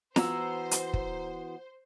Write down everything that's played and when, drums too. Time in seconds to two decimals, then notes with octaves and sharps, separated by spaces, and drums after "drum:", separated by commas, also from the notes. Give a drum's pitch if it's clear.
0.16 E3 B3 F#4 C5 A#5 E6, drum: snare
0.71 drum: hi-hat
0.94 drum: kick